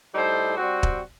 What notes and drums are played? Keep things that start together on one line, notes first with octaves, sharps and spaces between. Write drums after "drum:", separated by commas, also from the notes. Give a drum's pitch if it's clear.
A2 G3 D#4 A4 C5
G3 C4 F#4
drum: kick